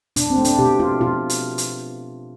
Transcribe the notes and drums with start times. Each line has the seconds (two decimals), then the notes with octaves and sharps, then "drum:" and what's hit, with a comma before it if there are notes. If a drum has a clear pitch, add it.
0.16 B2 D4, drum: hi-hat
0.30 C4
0.38 A3
0.45 D4, drum: hi-hat
0.59 B2 G4
0.80 A3 F4
1.01 B2 F4
1.30 drum: hi-hat
1.58 drum: hi-hat